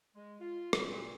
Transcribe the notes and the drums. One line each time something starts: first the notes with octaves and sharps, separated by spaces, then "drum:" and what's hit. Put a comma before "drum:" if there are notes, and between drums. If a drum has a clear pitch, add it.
G#3
F4
G3, drum: rim click
A#2